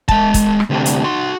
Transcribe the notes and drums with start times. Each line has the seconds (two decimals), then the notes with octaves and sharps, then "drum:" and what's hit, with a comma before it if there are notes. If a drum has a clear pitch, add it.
0.09 G#3 A5, drum: kick
0.34 drum: kick, hi-hat
0.60 drum: rim click
0.70 D2 C3
0.86 drum: hi-hat
1.04 F#4 C6